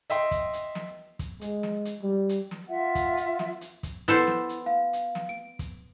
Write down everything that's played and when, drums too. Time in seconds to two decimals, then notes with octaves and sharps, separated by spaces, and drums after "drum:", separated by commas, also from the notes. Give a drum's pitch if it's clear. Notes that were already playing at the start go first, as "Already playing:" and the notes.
0.10 D#5 E5 G5 C6, drum: hi-hat
0.31 drum: kick, hi-hat
0.53 drum: hi-hat
0.75 drum: snare
1.19 drum: kick, hi-hat
1.41 G#3, drum: hi-hat
1.63 drum: snare
1.85 drum: hi-hat
2.02 G3
2.29 drum: hi-hat
2.51 drum: snare
2.69 F4 E5 F#5
2.95 drum: kick, hi-hat
3.17 drum: hi-hat
3.39 drum: snare
3.61 drum: hi-hat
3.83 drum: kick, hi-hat
4.08 B3 E4 A4 C5, drum: hi-hat
4.27 drum: snare
4.49 drum: hi-hat
4.66 F5
4.93 drum: hi-hat
5.15 drum: snare
5.29 D7
5.59 drum: kick, hi-hat